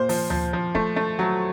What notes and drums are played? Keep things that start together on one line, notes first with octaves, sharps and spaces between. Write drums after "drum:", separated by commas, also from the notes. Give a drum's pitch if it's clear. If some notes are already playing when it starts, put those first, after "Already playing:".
Already playing: A#2 C5
F3, drum: open hi-hat
F3, drum: tom D2
F3
A3, drum: kick
A3
F#3